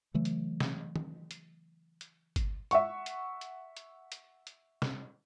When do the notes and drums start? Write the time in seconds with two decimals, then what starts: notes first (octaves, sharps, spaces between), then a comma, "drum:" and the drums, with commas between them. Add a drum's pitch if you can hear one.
0.14 C#3 E3 F#3 A3
0.25 drum: hi-hat
0.60 drum: snare
0.96 drum: tom D#3
1.31 drum: hi-hat
2.01 drum: hi-hat
2.36 drum: kick G1, hi-hat
2.71 E5 F#5 C#6, drum: hi-hat
3.06 drum: hi-hat
3.41 drum: hi-hat
3.77 drum: hi-hat
4.12 drum: hi-hat
4.47 drum: hi-hat
4.82 drum: snare